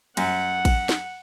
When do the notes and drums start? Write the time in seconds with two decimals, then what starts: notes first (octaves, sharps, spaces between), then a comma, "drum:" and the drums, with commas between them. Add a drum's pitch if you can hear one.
0.17 F#2 F#5, drum: cymbal
0.65 drum: kick A1, cymbal
0.89 drum: snare